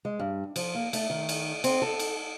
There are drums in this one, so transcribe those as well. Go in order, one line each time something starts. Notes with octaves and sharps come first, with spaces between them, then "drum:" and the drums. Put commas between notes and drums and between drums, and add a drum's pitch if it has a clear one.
G#3
G2
F3, drum: cymbal
A#3
A3, drum: cymbal
D#3
drum: cymbal
C4, drum: cymbal
A4
drum: cymbal